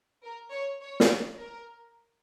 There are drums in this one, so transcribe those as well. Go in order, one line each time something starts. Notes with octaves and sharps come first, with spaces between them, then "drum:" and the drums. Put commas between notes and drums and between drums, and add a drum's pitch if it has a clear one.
A#4
C#5
C#5
drum: snare
A#4